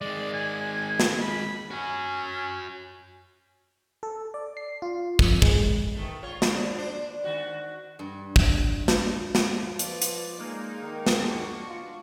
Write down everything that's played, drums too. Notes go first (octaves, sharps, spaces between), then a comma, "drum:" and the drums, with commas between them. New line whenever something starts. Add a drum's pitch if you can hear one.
D#3 G#3 D5
G#5
drum: snare
B5
C#4 F#4 G#5
A4
D5
C7
F4
F2, drum: kick
G#3, drum: kick
B2 D#3 A3
F4 C#5
G#2 D3, drum: snare
D4 C5
D#3 F#4
G2
drum: kick
drum: snare
F3, drum: snare
B4 D5, drum: hi-hat
drum: hi-hat
G#3 A#3 D#4
D#3
drum: snare
D4 F#4
F4